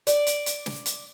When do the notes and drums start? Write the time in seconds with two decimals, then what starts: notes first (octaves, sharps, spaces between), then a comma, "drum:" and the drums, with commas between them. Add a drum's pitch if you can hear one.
0.07 D5, drum: hi-hat
0.27 drum: hi-hat
0.46 drum: hi-hat
0.66 drum: snare
0.86 drum: hi-hat